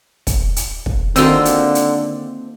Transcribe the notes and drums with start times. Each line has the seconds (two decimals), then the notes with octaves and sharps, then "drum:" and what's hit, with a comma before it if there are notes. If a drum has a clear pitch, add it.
0.27 drum: kick, hi-hat
0.56 drum: hi-hat
0.86 drum: kick
1.16 D3 D#3 A#3 C4 F4 F#4 E6, drum: hi-hat
1.45 drum: hi-hat
1.75 drum: hi-hat